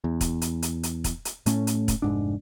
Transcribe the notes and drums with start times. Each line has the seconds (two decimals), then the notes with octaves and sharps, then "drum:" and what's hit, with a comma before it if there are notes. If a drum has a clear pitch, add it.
0.04 E2
0.21 drum: kick, hi-hat
0.42 drum: hi-hat
0.62 drum: hi-hat
0.83 drum: hi-hat
1.04 drum: kick, hi-hat
1.25 drum: hi-hat
1.46 A2 A3 C#4, drum: hi-hat
1.67 drum: hi-hat
1.88 drum: kick, hi-hat
2.02 F1 G#2 D4